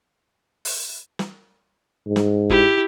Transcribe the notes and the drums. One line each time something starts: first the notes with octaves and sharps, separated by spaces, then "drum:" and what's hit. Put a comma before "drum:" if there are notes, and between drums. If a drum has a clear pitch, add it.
drum: open hi-hat
drum: snare
G#2
drum: snare
E4 G4, drum: kick F#1